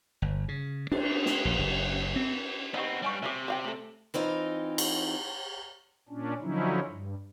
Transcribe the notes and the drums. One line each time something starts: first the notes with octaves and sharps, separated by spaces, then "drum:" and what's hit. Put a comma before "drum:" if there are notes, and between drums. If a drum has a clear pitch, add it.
G1
C#3
D4, drum: cymbal
drum: snare
A#1
F#1
C4
B3 C4 D#4 G4 F#5 E6
G2 G3 C#5 G#5 C#6
C3 G4 A#4 E5
C5 F5 G5 D6
A3 A4
E3 C4 D#4 F4
drum: cymbal
A#2 C#4 D4
D3 F3 F#3 C#4 D#4 E4
G2